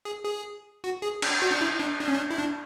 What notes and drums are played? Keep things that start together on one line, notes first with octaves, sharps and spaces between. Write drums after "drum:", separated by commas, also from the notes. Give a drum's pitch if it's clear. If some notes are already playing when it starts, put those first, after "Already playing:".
G#4
G#4
F#4
G#4
D4, drum: cymbal
F#4
D4
E4
D4
D4
C#4
D4
E4
D4